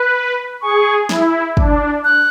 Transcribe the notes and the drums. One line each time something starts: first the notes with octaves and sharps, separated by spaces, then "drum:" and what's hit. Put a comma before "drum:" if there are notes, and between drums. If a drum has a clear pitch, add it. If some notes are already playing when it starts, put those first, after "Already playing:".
Already playing: B4 F#6
G#4 C#6
E4, drum: snare
D4, drum: kick
F#6